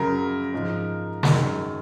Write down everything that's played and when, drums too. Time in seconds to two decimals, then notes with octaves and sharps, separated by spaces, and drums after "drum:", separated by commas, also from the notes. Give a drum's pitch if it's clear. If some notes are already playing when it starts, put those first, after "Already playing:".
Already playing: F#2 C#3 F#3 A#4
0.53 G#2 F3 G#3
1.23 F#2 D#3 G#3, drum: snare